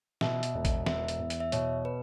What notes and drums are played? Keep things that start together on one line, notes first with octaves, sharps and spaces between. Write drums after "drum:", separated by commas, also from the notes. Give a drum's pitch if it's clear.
B2 E5, drum: snare
drum: hi-hat
E1
drum: kick, hi-hat
B3 E5, drum: snare
drum: hi-hat
E2
drum: hi-hat
E5
B2 C#5, drum: hi-hat
B4